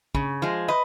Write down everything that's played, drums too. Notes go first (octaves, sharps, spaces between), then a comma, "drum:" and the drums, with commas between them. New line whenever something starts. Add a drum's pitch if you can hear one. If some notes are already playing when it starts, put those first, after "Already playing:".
C#3, drum: kick
F3 G#3
B4 D#5